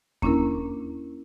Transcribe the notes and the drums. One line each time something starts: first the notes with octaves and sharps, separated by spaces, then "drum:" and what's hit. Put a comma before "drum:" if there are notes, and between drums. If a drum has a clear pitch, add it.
A#3 C#4 D4 E4 A#4, drum: kick E2